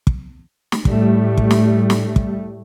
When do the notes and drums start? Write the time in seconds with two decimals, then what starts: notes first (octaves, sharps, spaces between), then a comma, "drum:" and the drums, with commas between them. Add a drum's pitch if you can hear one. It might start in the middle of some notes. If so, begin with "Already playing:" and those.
0.07 drum: kick
0.72 drum: snare
0.85 A2 G3 A3, drum: kick
1.37 drum: kick
1.51 drum: snare
1.90 drum: snare
2.16 drum: kick